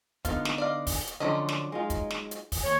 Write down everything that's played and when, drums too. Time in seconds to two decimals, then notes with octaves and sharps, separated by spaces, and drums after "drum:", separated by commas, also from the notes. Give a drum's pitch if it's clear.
0.25 D3 B3 D#4 F4 F5, drum: kick, hi-hat
0.45 drum: snare
0.58 D5 D#5 F5
0.87 drum: kick, open hi-hat
1.07 drum: hi-hat
1.20 D3 F3 F#3 C#4 D#5
1.49 drum: snare
1.72 G#3 D#4 F4
1.90 drum: kick, hi-hat
2.11 drum: snare
2.31 drum: hi-hat
2.52 drum: kick, open hi-hat
2.64 D#2 C#5